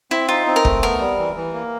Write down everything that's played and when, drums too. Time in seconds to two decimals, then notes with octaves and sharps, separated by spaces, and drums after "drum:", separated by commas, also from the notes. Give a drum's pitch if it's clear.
0.11 C4 E4
0.29 D#4 F4
0.47 C4
0.56 A#4
0.65 A3, drum: kick
0.83 B3 A#4
1.00 G3
1.18 E3
1.36 E3
1.53 A#3